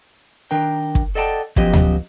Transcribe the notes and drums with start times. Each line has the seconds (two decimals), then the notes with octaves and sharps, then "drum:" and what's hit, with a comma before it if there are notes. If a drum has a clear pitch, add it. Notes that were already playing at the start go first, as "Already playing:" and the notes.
0.51 D#3 D4 A#4 G5
0.95 drum: kick
1.15 A4 D5 D#5 F#5 G5 A5
1.56 F3 F#3 B3 C#4 G4 D#5, drum: kick
1.73 drum: tom D2